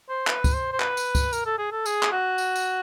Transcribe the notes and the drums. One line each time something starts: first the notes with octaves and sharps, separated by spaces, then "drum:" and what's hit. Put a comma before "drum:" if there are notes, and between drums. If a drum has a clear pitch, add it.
C5
B4, drum: clap
drum: kick C#2, tambourine
C5
C5
B4, drum: clap
drum: tambourine
drum: kick C#2, tambourine
A#4, drum: tambourine
A4
G#4
A4
G#4, drum: tambourine
drum: clap
F#4
drum: tambourine
drum: tambourine